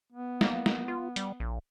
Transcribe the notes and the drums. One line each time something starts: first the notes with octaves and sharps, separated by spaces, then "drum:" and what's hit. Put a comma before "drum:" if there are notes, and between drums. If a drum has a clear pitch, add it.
B3
A#3, drum: snare
drum: snare
F4
G3, drum: hi-hat
A#1